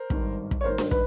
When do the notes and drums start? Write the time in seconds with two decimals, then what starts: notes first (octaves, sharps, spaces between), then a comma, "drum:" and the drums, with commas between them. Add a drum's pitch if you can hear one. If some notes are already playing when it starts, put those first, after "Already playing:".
Already playing: A#4 C5
0.10 G#1 G2 D#3, drum: kick
0.51 drum: kick
0.61 C#5
0.64 G#1 G2 D#3 A#4 C5
0.78 drum: snare D4
0.91 B4, drum: kick